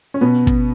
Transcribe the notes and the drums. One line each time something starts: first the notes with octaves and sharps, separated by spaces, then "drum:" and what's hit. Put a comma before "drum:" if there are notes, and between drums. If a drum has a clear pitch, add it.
C#4
B2 B3
drum: kick